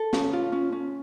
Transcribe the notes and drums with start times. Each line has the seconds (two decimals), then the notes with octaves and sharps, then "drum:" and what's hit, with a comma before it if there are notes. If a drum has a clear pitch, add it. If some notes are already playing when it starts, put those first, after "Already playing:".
Already playing: A4
0.13 C#4, drum: snare
0.33 F4
0.52 C#4
0.72 C#4